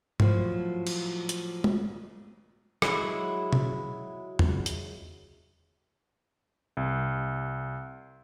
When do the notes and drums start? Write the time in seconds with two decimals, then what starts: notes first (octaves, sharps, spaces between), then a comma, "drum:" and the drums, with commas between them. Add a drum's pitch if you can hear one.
0.20 A2 F3 F#3, drum: tom G#2
0.87 drum: cymbal
1.29 drum: hi-hat
1.64 drum: tom
2.82 F#3 G#3 E4, drum: rim click
3.53 drum: tom B2
4.39 drum: tom E2
4.66 drum: hi-hat
6.77 C2